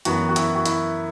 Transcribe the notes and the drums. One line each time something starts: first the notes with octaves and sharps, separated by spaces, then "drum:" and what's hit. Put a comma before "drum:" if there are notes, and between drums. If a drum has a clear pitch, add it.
F#2 E3 B3 F#4, drum: hi-hat
F#4
E4, drum: hi-hat
F#4
E4, drum: hi-hat